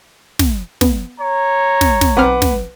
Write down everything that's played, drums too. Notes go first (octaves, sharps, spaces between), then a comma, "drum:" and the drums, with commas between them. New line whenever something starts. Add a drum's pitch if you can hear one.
drum: snare
B3, drum: snare
C#5 A#5
drum: snare
drum: snare
B1 C4 B4 F#5 D6 F6
drum: snare